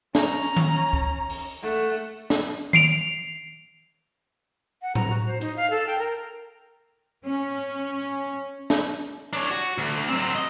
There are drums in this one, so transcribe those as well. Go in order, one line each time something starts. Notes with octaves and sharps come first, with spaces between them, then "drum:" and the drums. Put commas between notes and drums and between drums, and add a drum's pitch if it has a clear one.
C#4 A#5, drum: snare
drum: tom D#3
drum: kick
drum: open hi-hat
A3 F#5
drum: snare
C7 D7 F7, drum: tom D#3
F#5
A#5, drum: tom A2
F#4
C5
D#4, drum: hi-hat
F5
A4
G5
A#4
C#4
drum: snare
D4 C#5
F#4
D2
F#3 C4
D#5